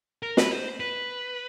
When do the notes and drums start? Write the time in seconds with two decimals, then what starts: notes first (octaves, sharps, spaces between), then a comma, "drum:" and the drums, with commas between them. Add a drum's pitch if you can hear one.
0.23 A#4
0.37 B4, drum: snare
0.51 C5
0.80 B4